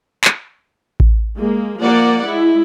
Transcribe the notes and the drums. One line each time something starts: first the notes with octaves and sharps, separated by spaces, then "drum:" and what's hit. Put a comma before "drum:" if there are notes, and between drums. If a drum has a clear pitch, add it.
drum: clap
drum: kick A1
G#3 A#3
F3 A#3 D5 F#5
G#3 E4